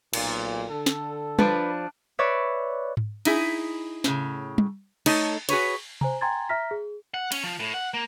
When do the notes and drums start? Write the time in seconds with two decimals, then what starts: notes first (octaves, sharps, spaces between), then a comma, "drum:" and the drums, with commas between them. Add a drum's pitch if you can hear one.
0.13 B1 A#2, drum: cymbal
0.70 D3 A4
0.86 drum: snare
1.39 F3 D4 B4 A5 F#6 D7, drum: tom
2.19 B4 C#5 D5 E5
2.97 drum: tom G#2
3.25 D#4 E4 G#4, drum: cymbal
4.04 A2 C#3, drum: snare
4.58 drum: tom
5.06 A3 D#4 A4 C#5 D#5, drum: cymbal
5.49 F#4 G#4 B4 C#5, drum: cymbal
6.01 C5 G#5 A#5, drum: tom C3
6.21 G5 G#5 A#5 C6 G#6 A6
6.49 E5 A#5 F6 A#6 B6
6.71 G#4
7.14 F#5
7.32 C#4, drum: cymbal
7.44 F3
7.60 A2
7.74 F#5
7.94 A#3